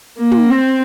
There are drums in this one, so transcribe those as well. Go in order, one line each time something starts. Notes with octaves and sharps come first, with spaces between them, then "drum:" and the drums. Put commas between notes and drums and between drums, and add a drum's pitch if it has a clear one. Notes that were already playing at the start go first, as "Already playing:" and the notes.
A#3
drum: tom
C4